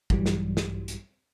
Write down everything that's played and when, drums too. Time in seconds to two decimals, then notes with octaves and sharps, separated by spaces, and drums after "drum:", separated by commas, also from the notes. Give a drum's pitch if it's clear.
0.10 A#1 G2 E3 F#3 G3, drum: kick
0.26 drum: snare
0.57 drum: snare
0.88 drum: hi-hat